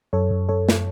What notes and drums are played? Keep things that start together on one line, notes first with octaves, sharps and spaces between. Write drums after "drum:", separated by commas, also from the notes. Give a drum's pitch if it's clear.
F#2 A4 C#5
F#2
F#2 A4 C#5
drum: snare